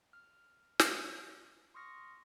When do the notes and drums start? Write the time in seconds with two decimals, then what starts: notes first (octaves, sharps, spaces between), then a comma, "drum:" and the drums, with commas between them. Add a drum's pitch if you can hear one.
0.13 F6
0.79 drum: snare
1.74 C6 C#6 D#6 F6 A#6 C#7